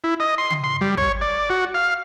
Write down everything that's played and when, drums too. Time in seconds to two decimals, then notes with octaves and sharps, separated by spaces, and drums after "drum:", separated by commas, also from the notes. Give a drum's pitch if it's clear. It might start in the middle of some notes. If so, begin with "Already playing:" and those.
0.04 E4
0.20 D#5
0.38 C6
0.50 drum: tom C#3
0.64 C6
0.81 G3
0.98 C#5, drum: kick
1.21 D5
1.50 F#4
1.74 F5